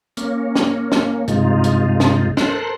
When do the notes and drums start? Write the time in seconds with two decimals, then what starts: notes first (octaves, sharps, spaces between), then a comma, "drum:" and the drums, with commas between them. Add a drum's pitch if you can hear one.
0.17 A#3 C#4, drum: hi-hat
0.55 drum: snare
0.92 drum: snare
1.28 G2 C3 G#3 D#4 F4, drum: hi-hat
1.64 drum: hi-hat
2.00 drum: snare
2.37 A4 A#4 C5 C6 F#6, drum: snare